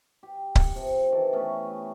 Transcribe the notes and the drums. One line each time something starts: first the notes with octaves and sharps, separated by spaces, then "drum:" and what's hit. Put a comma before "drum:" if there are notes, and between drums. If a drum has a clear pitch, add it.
G4
drum: kick C#1
C3 F3
D#3 E3 A4
A3 B3 C#4 G4